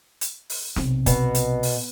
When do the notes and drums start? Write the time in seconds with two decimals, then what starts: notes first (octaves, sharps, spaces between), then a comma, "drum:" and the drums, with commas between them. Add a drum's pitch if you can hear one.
0.21 drum: hi-hat
0.50 drum: open hi-hat
0.76 B1 C3, drum: snare
1.06 B2, drum: kick, hi-hat
1.35 drum: hi-hat
1.63 drum: open hi-hat